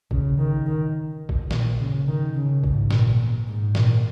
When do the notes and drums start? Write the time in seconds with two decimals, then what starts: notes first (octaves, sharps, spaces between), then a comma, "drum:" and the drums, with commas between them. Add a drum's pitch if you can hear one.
0.11 C#3, drum: kick A1
0.38 D#3
0.66 D#3
1.29 drum: kick A1
1.51 A#2, drum: snare
1.79 C#3
2.08 D#3
2.35 C#3
2.64 G#2, drum: kick A1
2.91 A#2, drum: snare
3.48 G#2
3.75 A#2, drum: snare